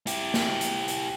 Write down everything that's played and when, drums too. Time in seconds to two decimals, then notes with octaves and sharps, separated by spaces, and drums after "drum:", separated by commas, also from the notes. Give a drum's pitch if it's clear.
0.07 E4 G4, drum: hi-hat
0.34 drum: snare
0.61 drum: hi-hat
0.88 drum: hi-hat